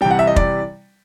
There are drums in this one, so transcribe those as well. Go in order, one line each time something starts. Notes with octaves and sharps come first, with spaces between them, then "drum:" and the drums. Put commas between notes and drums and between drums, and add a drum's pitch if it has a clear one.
C3 E3 G3 G5
F#5
E5
D#5
D5, drum: kick